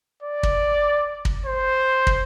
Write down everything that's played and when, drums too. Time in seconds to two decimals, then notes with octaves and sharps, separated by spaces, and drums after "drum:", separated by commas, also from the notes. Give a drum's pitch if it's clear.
0.23 D5
0.43 drum: kick
1.25 drum: kick
1.46 C5
2.07 drum: kick